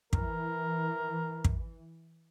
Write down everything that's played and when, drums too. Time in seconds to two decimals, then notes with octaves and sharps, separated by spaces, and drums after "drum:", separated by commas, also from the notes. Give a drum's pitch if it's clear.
0.13 E3 A#4, drum: kick
1.44 drum: kick